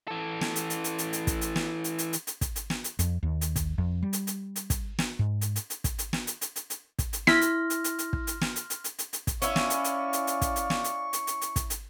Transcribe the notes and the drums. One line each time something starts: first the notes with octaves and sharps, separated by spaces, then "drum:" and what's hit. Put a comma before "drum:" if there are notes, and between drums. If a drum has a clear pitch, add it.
E3 A4
drum: snare
drum: hi-hat
drum: hi-hat
drum: hi-hat
drum: hi-hat
drum: hi-hat
drum: kick, hi-hat
drum: hi-hat
drum: snare
drum: hi-hat
drum: hi-hat
drum: hi-hat
drum: hi-hat
drum: kick, hi-hat
drum: hi-hat
drum: snare
drum: hi-hat
F2, drum: hi-hat
D#2
drum: hi-hat
drum: kick, hi-hat
F2
G3
drum: hi-hat
drum: hi-hat
drum: hi-hat
drum: kick, hi-hat
drum: snare
G#2
drum: hi-hat
drum: hi-hat
drum: hi-hat
drum: kick, hi-hat
drum: hi-hat
drum: snare
drum: hi-hat
drum: hi-hat
drum: hi-hat
drum: hi-hat
drum: kick, hi-hat
drum: hi-hat
E4 C6 F6 A#6 B6, drum: snare
drum: hi-hat
drum: hi-hat
drum: hi-hat
drum: hi-hat
drum: kick
drum: hi-hat
drum: snare
drum: hi-hat
drum: hi-hat
drum: hi-hat
drum: hi-hat
drum: hi-hat
drum: kick, hi-hat
C#4 E4 D5 F5 C#6, drum: hi-hat
drum: snare
drum: hi-hat
drum: hi-hat
drum: hi-hat
drum: hi-hat
drum: kick, hi-hat
drum: hi-hat
drum: snare
drum: hi-hat
drum: hi-hat
drum: hi-hat
drum: hi-hat
drum: kick, hi-hat
drum: hi-hat